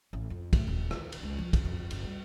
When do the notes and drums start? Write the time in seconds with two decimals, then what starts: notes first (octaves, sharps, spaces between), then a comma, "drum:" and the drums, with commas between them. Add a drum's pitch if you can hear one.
0.13 A1
0.30 F2
0.53 A2, drum: kick, cymbal
0.68 D#1
0.91 D#3, drum: rim click
1.12 drum: cymbal
1.23 C#2
1.39 F3
1.53 F2, drum: kick, cymbal
1.65 F2
1.91 F#1, drum: cymbal
2.04 G3